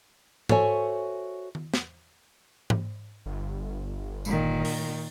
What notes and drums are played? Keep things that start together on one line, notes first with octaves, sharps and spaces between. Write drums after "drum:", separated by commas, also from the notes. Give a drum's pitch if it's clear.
F#4 A4 C5 C#5 E5 G#5, drum: tom G#2
drum: tom D#3
drum: snare
drum: tom G#2
G1
A#2 D#3, drum: tambourine
drum: open hi-hat